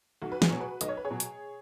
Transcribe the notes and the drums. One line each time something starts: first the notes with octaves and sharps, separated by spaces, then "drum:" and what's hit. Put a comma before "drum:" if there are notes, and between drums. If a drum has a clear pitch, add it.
B1 F#4
B4
G#4, drum: snare
B2 F#3
F#4 B4
B1 D#5, drum: hi-hat
C#5
B4
G#4 C#5
B2 F#3
drum: hi-hat